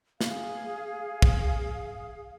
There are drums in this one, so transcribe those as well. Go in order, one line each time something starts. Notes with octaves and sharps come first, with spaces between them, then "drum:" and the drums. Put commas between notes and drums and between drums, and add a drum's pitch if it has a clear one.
G#4 F5, drum: snare
drum: kick